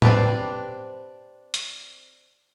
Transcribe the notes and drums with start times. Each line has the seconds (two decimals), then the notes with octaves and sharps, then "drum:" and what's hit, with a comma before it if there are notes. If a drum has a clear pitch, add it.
0.02 C4 D4 G4 B4, drum: tom A2
1.54 drum: hi-hat